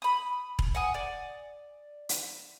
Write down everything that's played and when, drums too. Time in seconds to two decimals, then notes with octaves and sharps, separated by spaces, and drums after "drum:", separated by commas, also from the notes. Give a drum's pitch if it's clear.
0.02 B5 D#6
0.59 drum: kick E1
0.75 F#5 G#5 D#6
0.94 D5
2.09 drum: hi-hat